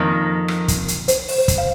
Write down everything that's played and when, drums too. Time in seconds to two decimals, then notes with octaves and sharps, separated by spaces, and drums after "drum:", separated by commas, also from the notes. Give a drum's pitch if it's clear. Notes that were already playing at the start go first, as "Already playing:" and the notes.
Already playing: F2 D#3 A#3 A#4
0.48 drum: rim click
0.68 drum: kick, hi-hat
0.88 drum: hi-hat
1.08 C5, drum: hi-hat
1.28 drum: open hi-hat
1.38 C5
1.48 drum: kick, hi-hat
1.58 F5